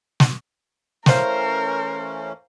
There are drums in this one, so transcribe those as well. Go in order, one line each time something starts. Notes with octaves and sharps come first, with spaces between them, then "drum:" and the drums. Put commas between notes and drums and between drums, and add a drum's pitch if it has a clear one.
drum: snare
E3 A3 C#4 A#4 C5 F5, drum: snare